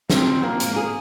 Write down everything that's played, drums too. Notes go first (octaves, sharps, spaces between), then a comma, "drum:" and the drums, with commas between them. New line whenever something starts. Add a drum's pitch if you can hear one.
F3 C4, drum: snare
F3
F3 A#3
G#2, drum: hi-hat
G#4